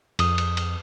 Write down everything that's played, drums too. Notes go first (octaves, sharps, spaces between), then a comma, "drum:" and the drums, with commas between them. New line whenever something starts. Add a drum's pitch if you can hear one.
F2 D#6, drum: cymbal
drum: cymbal
drum: cymbal